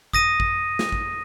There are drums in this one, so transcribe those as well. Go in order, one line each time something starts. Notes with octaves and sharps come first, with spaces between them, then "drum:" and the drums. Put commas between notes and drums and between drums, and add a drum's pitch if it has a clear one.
D#6 A#6 D#7, drum: kick G#1
drum: kick G#1
drum: snare
drum: kick G#1